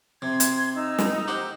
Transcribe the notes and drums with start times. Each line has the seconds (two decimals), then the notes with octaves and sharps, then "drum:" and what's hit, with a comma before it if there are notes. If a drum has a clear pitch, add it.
0.22 C3 C6 G#6
0.40 drum: hi-hat
0.75 D#4 E6
0.98 drum: snare
1.28 G4 C5 F#5